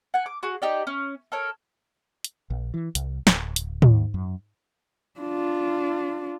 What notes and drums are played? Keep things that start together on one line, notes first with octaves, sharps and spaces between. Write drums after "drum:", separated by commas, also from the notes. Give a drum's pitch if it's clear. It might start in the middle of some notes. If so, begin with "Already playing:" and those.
F#5 G#5
D6
F#4 G#4
D#4 G4 D5
C#4
A4 A#4 C#5
drum: hi-hat
A#1
E3
C2, drum: hi-hat
D1, drum: snare
drum: hi-hat
D#2, drum: tom
F#2
D4 F4